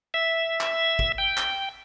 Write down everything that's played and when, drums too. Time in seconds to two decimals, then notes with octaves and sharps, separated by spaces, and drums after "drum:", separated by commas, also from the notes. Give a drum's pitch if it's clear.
0.14 E5
0.61 drum: clap
0.99 drum: kick
1.18 G5
1.37 drum: clap